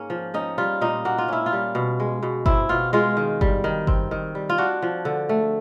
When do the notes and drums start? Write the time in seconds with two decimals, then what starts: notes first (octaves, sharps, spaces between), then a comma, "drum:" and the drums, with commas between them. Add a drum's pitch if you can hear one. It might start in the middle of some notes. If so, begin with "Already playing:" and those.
Already playing: G#2 A#3 C#4
0.10 F3
0.34 C#4 D#4
0.58 G3 F4
0.81 A#2 D#4
1.05 A#3 F#4
1.18 F4
1.28 C#4 E4
1.46 F4
1.52 G3
1.75 B2
2.00 G#3
2.23 B2
2.46 C4 E4, drum: kick G1
2.69 B2 F4
2.93 G#3 F4
3.17 D#3
3.41 G3, drum: kick G1
3.64 D#3
3.87 C4, drum: kick G1
4.11 D#3
4.35 G3
4.49 F4
4.58 D4 F#4
4.82 F3
5.05 D3
5.29 A3